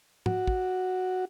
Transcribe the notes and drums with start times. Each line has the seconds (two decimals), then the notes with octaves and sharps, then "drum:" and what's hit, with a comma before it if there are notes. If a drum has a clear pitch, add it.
0.26 F#4, drum: tom G#2
0.47 drum: kick